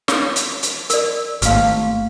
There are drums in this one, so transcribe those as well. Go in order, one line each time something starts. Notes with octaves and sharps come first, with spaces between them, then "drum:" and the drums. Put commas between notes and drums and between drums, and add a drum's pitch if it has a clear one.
C#5, drum: snare
drum: hi-hat
drum: hi-hat
A#4 D5, drum: hi-hat
G#1 A3 A#3 F5 C6 C#6 F6, drum: hi-hat